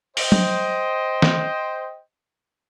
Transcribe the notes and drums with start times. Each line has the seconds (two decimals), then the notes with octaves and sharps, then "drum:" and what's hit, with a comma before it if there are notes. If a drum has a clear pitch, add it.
0.17 C5 D#5 G5, drum: open hi-hat
0.32 drum: tom
1.22 drum: snare